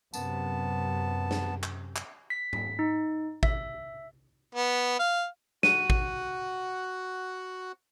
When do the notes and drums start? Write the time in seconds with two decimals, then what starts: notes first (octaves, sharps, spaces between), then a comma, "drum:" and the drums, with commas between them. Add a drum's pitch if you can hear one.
0.13 F#2 C3 B3 A5, drum: tambourine
1.31 drum: snare
1.63 drum: clap
1.96 drum: clap
2.30 B6
2.53 B6, drum: tom G#2
2.79 D#4
3.43 E5, drum: kick A1
4.55 B3
4.99 F5
5.63 F#4 F#5 D#7, drum: snare
5.90 drum: kick A1